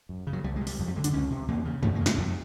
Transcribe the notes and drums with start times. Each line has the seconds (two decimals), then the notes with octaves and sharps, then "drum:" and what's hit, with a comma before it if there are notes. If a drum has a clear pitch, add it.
0.09 F#2
0.27 C#3
0.33 F#3
0.44 C2 G3
0.56 G#3
0.61 C3
0.67 G3, drum: open hi-hat
0.79 F2
0.88 G3
0.96 D3 G#3
1.04 D4, drum: hi-hat
1.13 C#2 C#4
1.30 C3
1.48 E2 A#3
1.65 C#3
1.83 E2 A3, drum: tom F2
1.95 A#3
2.01 C#3
2.06 G#3, drum: snare
2.17 F2 G3